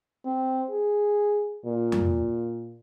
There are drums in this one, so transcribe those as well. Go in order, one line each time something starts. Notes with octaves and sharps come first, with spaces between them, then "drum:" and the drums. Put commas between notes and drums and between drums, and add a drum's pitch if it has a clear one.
C4
G#4
A#2
drum: tom F2